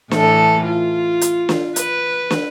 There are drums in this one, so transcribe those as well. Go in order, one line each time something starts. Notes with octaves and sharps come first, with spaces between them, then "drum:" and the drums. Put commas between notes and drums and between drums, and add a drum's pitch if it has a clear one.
A2 E3 A4, drum: snare
F4
drum: hi-hat
drum: snare
B4, drum: hi-hat
drum: snare